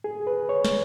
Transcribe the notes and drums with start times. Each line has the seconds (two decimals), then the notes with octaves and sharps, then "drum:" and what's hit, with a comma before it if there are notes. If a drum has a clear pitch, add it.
0.04 G#4
0.27 B4
0.49 C#5
0.65 drum: snare